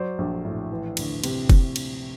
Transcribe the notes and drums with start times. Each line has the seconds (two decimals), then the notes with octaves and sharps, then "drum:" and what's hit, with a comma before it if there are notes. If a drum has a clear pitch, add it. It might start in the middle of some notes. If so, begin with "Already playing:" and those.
Already playing: F#3 C5 D5
0.18 A#1
0.45 A2
0.71 E3
0.97 D2, drum: cymbal
1.24 C3, drum: cymbal
1.50 drum: kick F1, cymbal
1.76 drum: cymbal